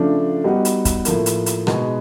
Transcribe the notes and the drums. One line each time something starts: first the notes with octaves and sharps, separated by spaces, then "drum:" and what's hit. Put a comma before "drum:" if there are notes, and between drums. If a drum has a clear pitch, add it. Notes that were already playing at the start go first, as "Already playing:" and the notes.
Already playing: C#3 F3 A3 D4
G3 B3 D#4 F#4
drum: hi-hat
drum: kick, hi-hat
A2 F3 A#3, drum: hi-hat
drum: hi-hat
drum: hi-hat
B2 G#3 B3 D#4 F#4, drum: rim click